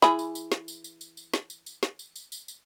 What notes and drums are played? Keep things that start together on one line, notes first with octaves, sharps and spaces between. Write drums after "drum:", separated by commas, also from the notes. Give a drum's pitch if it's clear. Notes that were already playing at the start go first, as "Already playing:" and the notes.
E3 G#4 B5, drum: snare
drum: tambourine
drum: tambourine
drum: snare
drum: tambourine
drum: tambourine
drum: tambourine
drum: tambourine
drum: snare
drum: tambourine
drum: tambourine
drum: snare
drum: tambourine
drum: tambourine
drum: tambourine
drum: tambourine